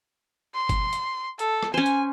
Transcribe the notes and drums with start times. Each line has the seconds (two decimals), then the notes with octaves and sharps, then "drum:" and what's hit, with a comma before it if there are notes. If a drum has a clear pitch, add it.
0.55 C6
0.69 drum: kick, hi-hat
0.93 drum: hi-hat
1.39 A4, drum: hi-hat
1.63 drum: rim click
1.74 C#4 C5 G#5
1.86 drum: hi-hat